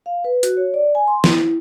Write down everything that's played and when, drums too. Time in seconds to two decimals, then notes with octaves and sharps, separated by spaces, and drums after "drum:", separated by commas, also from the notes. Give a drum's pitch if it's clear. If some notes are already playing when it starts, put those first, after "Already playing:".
0.06 F5
0.24 B4
0.43 F#4, drum: hi-hat
0.57 C#5
0.74 D5
0.95 G#5
1.07 C6
1.24 E4, drum: snare